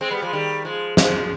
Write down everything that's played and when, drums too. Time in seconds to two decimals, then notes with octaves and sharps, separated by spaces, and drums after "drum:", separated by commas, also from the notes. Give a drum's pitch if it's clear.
0.01 G#3 C4
0.11 G3 B3
0.22 F3 G#3
0.33 D#3 G3
0.65 F3 G#3
0.97 F3 G#3, drum: snare